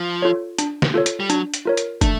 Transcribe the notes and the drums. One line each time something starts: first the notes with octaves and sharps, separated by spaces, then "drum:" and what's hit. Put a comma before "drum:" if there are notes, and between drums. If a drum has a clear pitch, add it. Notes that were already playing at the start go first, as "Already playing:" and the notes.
Already playing: F3
F4 A4 C#5
D4, drum: hi-hat
drum: snare
F4 A4 C#5
drum: hi-hat
G3
F#3 D4, drum: hi-hat
drum: hi-hat
F4 A#4 C#5
drum: hi-hat
A3 D4, drum: kick, hi-hat